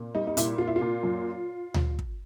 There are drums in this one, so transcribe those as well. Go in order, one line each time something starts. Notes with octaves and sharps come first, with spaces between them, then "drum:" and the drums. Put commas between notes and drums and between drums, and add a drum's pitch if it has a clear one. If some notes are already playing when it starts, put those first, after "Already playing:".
Already playing: A#2
G3 D#4
D#4
A#2 E4, drum: hi-hat
A#2 F4
E4
F4
A#2
F#2
drum: tom D2
drum: kick